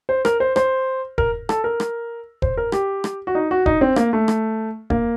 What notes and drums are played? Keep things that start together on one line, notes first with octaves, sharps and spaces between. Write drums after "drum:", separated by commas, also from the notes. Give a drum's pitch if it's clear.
C5
A#4, drum: rim click
C5
C5, drum: rim click
A#4, drum: kick E1
A4, drum: rim click
A#4
drum: rim click
C5, drum: kick E1
A#4
G4, drum: rim click
drum: rim click
F#4
D#4
F#4
D#4, drum: kick E1
C4
A#3, drum: rim click
A3
drum: rim click
A#3, drum: kick E1